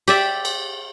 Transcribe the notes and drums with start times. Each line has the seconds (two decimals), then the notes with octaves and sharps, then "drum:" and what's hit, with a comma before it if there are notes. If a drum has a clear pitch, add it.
0.08 G4 D5 E5, drum: cymbal
0.45 drum: cymbal